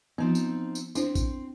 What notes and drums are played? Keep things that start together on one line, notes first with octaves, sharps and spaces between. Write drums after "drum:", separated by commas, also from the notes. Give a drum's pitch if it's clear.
F3 B3 C4 D#4
drum: tambourine
drum: tambourine
C4 D4 E4 C5, drum: tambourine
drum: kick, tambourine